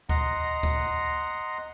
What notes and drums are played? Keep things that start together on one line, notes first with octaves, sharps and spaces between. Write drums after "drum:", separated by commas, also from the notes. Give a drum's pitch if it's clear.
D#5 F#5 A#5 C6, drum: kick D2
drum: kick D2